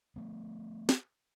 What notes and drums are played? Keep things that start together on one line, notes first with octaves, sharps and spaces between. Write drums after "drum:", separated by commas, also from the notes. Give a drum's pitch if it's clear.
F3 A3 B3
drum: snare